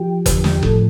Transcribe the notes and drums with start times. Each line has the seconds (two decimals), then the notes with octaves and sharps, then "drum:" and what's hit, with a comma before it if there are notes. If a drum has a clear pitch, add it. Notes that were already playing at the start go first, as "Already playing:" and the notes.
Already playing: F3 G4
0.26 E2 D3 F3, drum: kick F#1, hi-hat
0.44 drum: snare
0.63 A2 F3 A4, drum: kick F#1